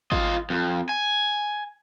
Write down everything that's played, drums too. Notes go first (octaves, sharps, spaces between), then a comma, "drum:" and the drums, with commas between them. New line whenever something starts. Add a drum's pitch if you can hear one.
F4 D#5, drum: kick G#1
F2
G#5